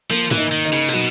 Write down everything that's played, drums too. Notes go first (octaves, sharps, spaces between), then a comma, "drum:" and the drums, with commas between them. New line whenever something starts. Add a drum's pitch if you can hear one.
F3 A#3
E3, drum: tom
D#4
D#3
D#4
C#3, drum: hi-hat
C3, drum: hi-hat
B2 F#3